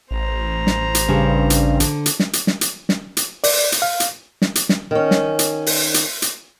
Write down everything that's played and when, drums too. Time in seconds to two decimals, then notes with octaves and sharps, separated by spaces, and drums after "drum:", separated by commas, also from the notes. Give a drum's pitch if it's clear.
0.11 A1 C5 A#5
0.67 drum: snare
0.95 drum: hi-hat
1.08 G2 C#3
1.50 drum: hi-hat
1.80 D3, drum: hi-hat
2.06 drum: hi-hat
2.19 drum: snare
2.33 drum: hi-hat
2.47 drum: snare
2.61 drum: hi-hat
2.89 drum: snare
3.17 drum: hi-hat
3.44 D5, drum: open hi-hat
3.72 drum: hi-hat
3.82 F5
4.00 drum: hi-hat
4.42 drum: snare
4.55 drum: hi-hat
4.69 drum: snare
4.91 D#3 C#4
5.11 drum: snare
5.39 drum: hi-hat
5.66 drum: open hi-hat
5.94 drum: hi-hat
6.22 drum: hi-hat